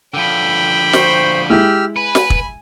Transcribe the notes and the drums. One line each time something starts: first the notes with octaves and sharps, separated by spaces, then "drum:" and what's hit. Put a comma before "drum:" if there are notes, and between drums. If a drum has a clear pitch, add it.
D3 F3 G5 B5
C5 C#6, drum: snare
G#3 E4 G4 E6 F6
B4 G#5 B5
drum: snare
drum: kick